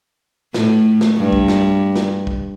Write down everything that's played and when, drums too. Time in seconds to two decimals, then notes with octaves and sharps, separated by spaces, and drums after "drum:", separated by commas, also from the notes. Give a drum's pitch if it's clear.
0.54 A2, drum: snare
1.01 drum: snare
1.17 G2
1.33 drum: kick
1.48 drum: snare
1.96 drum: snare
2.27 drum: kick